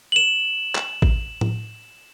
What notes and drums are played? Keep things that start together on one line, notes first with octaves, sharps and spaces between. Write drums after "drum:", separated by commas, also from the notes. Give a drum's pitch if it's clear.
E7 F#7
drum: clap
drum: kick
drum: tom A2